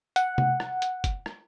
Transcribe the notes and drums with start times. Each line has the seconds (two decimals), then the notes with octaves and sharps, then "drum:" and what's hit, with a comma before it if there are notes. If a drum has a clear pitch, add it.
0.16 F#5, drum: hi-hat
0.38 drum: tom C3
0.60 drum: rim click
0.82 drum: hi-hat
1.04 drum: kick, hi-hat
1.26 drum: rim click